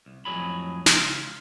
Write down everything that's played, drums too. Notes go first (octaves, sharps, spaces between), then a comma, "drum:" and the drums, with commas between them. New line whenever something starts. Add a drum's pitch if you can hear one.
C2
F2 A2 E3 F#3 G#4 B5
C#2 F4, drum: snare